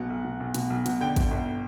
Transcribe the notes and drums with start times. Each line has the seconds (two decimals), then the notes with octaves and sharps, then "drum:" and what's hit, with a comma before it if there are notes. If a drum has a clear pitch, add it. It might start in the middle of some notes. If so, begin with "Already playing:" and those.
Already playing: B1 B2 F#5
0.10 B1
0.25 B2
0.40 B1
0.54 B2, drum: hi-hat
0.70 B1
0.86 B2, drum: hi-hat
1.00 D3 G5
1.16 G1, drum: kick, hi-hat
1.31 G1